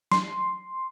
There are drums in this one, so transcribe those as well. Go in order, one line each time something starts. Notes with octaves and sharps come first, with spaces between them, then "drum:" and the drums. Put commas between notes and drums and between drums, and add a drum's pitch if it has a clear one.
C6, drum: snare